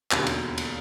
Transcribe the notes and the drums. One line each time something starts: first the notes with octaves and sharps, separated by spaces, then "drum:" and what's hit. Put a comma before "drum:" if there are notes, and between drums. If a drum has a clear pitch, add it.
E1 D#2 D3 F#3 F5, drum: clap
drum: cymbal
drum: cymbal